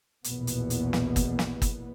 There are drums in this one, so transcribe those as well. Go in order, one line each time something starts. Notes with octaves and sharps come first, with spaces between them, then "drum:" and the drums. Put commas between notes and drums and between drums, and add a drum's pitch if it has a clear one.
A#1 E2 B2 B3, drum: hi-hat
drum: hi-hat
drum: hi-hat
drum: snare
drum: kick, hi-hat
drum: snare
drum: kick, hi-hat